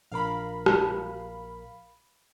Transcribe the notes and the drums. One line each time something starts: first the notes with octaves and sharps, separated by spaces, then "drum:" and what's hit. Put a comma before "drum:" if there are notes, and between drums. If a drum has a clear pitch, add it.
A#1 A#4 F5 B5
drum: rim click